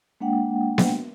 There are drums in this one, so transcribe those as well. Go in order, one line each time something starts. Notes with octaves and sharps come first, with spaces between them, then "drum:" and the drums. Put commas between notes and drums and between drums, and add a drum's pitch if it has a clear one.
G#3 A#3 D4 F#5 G5
drum: snare B3